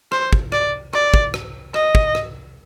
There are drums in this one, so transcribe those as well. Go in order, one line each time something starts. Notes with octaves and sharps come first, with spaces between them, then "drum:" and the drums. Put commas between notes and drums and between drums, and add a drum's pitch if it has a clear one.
C5, drum: rim click
drum: kick
D5, drum: rim click
D5, drum: rim click
drum: kick
drum: rim click
D#5, drum: rim click
drum: kick
drum: rim click